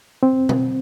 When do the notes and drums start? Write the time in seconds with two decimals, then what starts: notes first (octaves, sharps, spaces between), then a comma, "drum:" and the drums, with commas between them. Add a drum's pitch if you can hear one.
0.23 C4
0.49 drum: tom B2